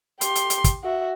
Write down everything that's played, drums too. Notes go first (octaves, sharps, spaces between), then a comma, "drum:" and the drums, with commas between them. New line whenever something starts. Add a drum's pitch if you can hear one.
G4 C6, drum: hi-hat
drum: hi-hat
drum: hi-hat
drum: kick, hi-hat
F#4 E5